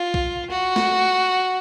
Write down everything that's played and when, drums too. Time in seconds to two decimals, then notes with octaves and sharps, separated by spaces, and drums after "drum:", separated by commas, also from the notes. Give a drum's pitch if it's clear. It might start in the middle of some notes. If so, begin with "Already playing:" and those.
Already playing: F4
0.14 drum: kick
0.50 F#4
0.76 drum: snare